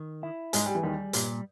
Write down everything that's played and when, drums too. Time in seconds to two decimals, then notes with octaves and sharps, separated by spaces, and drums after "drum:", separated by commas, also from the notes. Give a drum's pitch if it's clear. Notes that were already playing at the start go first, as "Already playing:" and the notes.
Already playing: D#3
0.23 E4
0.53 G#2 G#3 G#4, drum: hi-hat
0.66 G3
0.75 E3
0.83 D#2 D#3 G3
1.13 G2 A#2, drum: hi-hat